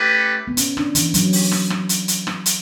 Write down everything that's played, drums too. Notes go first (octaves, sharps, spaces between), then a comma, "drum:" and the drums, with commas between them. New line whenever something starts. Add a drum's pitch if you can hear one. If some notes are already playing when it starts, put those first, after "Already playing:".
Already playing: A3 C#4 G4 B4
B3
C#4, drum: hi-hat
D4, drum: rim click
E3, drum: hi-hat
F#3, drum: hi-hat
drum: open hi-hat
drum: rim click
drum: rim click
drum: hi-hat
drum: hi-hat
drum: rim click
drum: hi-hat